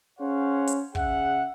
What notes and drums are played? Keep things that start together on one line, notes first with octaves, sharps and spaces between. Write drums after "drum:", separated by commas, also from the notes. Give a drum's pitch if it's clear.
C#4 G#4 C5 C#5 F5 F#5
drum: hi-hat
C#3 G#4 E5 F#5, drum: kick